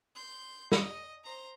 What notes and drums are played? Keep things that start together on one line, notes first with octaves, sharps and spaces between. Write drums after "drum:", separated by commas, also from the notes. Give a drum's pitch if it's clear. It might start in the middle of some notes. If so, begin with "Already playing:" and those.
C6 G6
D#5, drum: snare
C5 A#5